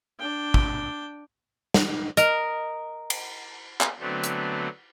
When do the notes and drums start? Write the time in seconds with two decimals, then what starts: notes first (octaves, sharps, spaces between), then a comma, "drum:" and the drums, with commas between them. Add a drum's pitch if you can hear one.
0.19 D4 G5
0.54 drum: kick
1.74 drum: snare
2.17 A#4 D#5 F6, drum: hi-hat
3.10 drum: cymbal
3.81 drum: clap
3.99 D3 F#3 A3 B3 C4
4.24 drum: hi-hat